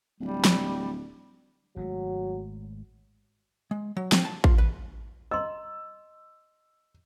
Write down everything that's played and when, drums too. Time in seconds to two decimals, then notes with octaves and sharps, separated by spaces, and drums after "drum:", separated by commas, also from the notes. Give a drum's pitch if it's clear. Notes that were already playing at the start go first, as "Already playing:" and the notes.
0.20 D1 G3
0.45 drum: snare
1.76 G#1 F#3 G#3 A3
3.71 G#3
3.97 F#3
4.12 C4, drum: snare
4.25 A5
4.44 F4, drum: kick A1
4.58 B4
5.31 D#5 A#5 C6 E6